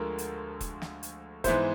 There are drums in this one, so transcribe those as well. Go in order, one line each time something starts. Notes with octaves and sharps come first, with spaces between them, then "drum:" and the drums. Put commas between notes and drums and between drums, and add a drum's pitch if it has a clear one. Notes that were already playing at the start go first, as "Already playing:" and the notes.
Already playing: D2 D3 F3 G#3 A#4
drum: hi-hat
drum: kick E1, hi-hat
drum: snare
drum: hi-hat
G#2 E3 G#3 B3 E4 C5, drum: kick E1, hi-hat